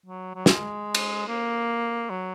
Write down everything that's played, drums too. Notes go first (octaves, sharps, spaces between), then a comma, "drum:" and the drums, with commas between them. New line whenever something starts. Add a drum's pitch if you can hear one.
F#3
F#3
G#3, drum: snare
drum: cymbal
A#3
F#3